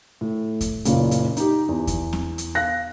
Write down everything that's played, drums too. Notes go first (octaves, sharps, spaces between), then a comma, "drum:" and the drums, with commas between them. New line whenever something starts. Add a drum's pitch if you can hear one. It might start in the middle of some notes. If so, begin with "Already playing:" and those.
A2
drum: kick E2, hi-hat
F#1 A#2 C#3, drum: hi-hat
drum: hi-hat
D#4 G4, drum: hi-hat
E2
drum: kick E2, hi-hat
drum: snare C4
drum: hi-hat
F5 F#6 A#6